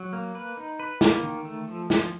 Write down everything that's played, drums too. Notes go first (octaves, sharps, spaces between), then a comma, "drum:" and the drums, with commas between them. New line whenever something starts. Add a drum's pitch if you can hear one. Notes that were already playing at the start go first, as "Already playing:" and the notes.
Already playing: F#3
A#3
B4
D#4
B4
A#3, drum: snare
D#3
A3
F3
F3, drum: snare